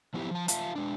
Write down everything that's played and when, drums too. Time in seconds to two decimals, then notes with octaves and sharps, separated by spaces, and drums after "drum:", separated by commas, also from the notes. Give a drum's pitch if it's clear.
0.14 F3 B3 C4 E4 G4
0.31 F3 A5
0.48 F4 E5 F5 A5, drum: hi-hat
0.76 G#3 D4